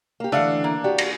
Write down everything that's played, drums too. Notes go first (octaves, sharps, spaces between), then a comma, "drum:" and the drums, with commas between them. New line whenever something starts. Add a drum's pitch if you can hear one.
A#3 G4
D3 E3 A3 D4 F5 F#5
A#3
F#4 G4 D5
drum: cymbal